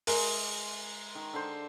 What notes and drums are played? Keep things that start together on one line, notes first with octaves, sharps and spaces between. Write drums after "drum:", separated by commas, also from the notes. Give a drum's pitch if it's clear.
G#3 A#4, drum: open hi-hat
D#3
D3 C5